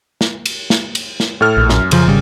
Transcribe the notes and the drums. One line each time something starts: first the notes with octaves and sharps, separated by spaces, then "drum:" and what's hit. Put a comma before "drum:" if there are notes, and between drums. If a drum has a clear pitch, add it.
drum: snare
drum: cymbal
drum: snare
drum: cymbal
drum: snare
A2 A4 F6
A#1
F#2, drum: snare
F2 C#3 F3, drum: cymbal
G#1 C#3 G3